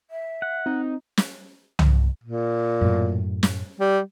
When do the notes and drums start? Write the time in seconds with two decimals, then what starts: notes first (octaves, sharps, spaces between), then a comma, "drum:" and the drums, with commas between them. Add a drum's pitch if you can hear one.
0.10 E5
0.42 F#5
0.66 C4 D#4
1.17 drum: snare
1.79 drum: tom C2
2.24 A#2
2.81 F#2 A2
3.43 drum: snare
3.80 G3